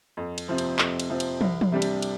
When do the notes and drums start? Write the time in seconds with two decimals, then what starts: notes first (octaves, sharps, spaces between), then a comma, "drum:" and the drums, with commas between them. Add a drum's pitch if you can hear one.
0.17 F2
0.38 drum: cymbal
0.48 C3 F3 C4
0.58 drum: cymbal
0.79 F2, drum: clap
1.00 drum: cymbal
1.10 C3 F3 C4
1.20 drum: cymbal
1.41 C2, drum: tom
1.61 drum: tom
1.72 C3 G3 D4
1.82 drum: cymbal
2.02 drum: cymbal